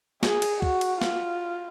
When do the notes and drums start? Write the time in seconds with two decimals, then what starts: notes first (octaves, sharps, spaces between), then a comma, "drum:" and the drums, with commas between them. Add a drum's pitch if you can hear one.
0.23 G#4, drum: snare
0.42 drum: cymbal
0.62 F#4, drum: kick
0.81 drum: cymbal
1.01 F4, drum: snare